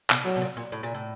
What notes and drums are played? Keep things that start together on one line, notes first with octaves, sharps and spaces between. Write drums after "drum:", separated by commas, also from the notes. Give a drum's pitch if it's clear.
B2, drum: clap
A2 F#3
B2
A#2
A#2
A2
A#2
A2